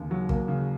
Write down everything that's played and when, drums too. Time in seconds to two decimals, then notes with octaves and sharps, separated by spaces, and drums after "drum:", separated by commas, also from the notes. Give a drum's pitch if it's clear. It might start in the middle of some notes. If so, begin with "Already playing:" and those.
Already playing: D#2 C#3
0.11 F#3
0.29 A#3, drum: kick
0.48 C#3